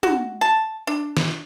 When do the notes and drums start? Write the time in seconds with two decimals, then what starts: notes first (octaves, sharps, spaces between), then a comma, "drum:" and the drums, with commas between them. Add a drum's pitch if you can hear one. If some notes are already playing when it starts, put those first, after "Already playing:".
0.03 F#4, drum: tom
0.41 A5
0.87 D4
1.17 drum: snare